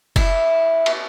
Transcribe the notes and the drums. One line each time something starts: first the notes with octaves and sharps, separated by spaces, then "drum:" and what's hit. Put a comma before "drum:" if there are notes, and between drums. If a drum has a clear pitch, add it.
E4, drum: kick F#1, cymbal
drum: cymbal